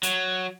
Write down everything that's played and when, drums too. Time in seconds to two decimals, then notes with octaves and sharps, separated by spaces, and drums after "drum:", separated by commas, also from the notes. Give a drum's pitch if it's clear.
0.03 F#3, drum: hi-hat